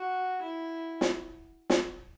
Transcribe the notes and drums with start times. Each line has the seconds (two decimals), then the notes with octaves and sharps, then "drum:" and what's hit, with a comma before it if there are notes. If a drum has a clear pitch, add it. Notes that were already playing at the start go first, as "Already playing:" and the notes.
Already playing: F#4
0.42 E4
1.01 drum: snare
1.70 drum: snare